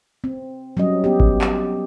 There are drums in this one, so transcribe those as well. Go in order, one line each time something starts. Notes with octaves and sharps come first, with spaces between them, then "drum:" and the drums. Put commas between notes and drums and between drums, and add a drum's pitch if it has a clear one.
C4
F#3 G3 C#4 D#5
B3 G4
drum: kick G#1
drum: clap